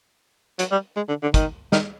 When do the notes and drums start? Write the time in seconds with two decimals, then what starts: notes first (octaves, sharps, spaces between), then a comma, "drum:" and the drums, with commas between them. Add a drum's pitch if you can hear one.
0.59 F#3, drum: hi-hat
0.72 G3
0.96 G#3
1.09 D3
1.23 D3
1.34 D#3, drum: kick, hi-hat
1.72 D#3, drum: snare